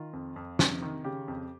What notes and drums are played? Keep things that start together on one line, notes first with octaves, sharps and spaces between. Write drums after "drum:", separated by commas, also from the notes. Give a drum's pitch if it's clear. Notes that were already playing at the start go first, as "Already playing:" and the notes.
Already playing: D#3 F4
F2
F2
C3, drum: snare
D#3
C#3 G4
F2